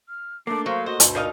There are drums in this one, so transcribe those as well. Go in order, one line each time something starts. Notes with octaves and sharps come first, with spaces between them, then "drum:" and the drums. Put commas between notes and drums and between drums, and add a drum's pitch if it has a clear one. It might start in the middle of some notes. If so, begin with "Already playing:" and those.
F6
A3 A#3 D4 D6
F#3 C5 F5 C#6
F#4 C5 D#5
D2 G2 B2, drum: hi-hat
A#2 D#4 A#4 C5 D5 D#5 F5